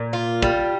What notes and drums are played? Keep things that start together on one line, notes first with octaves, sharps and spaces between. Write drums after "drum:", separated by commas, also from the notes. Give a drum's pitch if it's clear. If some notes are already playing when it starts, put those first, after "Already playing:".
Already playing: A#2
F4
G3, drum: kick